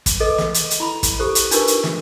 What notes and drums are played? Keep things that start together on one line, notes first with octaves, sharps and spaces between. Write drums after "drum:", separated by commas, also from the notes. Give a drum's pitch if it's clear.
drum: kick, hi-hat
G#4 A4 B4 D#5
drum: snare
drum: hi-hat
drum: hi-hat
E4 B5
drum: kick, hi-hat
G4 A4 C5
drum: hi-hat
D4 D#4 F4 G4 A#4 B4, drum: hi-hat
drum: hi-hat
drum: snare